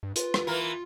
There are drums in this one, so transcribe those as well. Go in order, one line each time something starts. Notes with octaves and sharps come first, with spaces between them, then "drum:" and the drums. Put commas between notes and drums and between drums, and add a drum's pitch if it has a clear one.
G2
F4 B4, drum: hi-hat
drum: rim click
E3 A#3 A#4